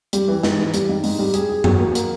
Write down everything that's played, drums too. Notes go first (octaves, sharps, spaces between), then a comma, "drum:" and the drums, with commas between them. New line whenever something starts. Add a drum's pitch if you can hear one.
G3, drum: hi-hat
E3
G#2, drum: snare
E3
G3, drum: hi-hat
G#2
G#2, drum: open hi-hat
G3
G#4, drum: hi-hat
G#4
F#3, drum: tom F#2
A#3
A#3, drum: hi-hat